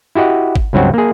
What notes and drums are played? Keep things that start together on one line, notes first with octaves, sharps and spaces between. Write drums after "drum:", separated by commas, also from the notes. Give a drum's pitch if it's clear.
E4 F#4 G4 D#5 F#5
drum: kick
C#2 G2 F#3 C4 F#4
A#3 G#4